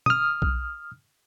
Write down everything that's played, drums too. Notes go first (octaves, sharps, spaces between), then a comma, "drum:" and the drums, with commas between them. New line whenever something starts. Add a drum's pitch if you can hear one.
D#6 F6, drum: tom
drum: kick B1